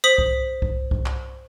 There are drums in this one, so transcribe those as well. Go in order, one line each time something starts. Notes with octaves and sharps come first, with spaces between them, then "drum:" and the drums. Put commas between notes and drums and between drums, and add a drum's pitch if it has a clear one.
C5 D#6 B6 F#7
drum: kick C2
drum: kick C2
drum: kick C2
drum: clap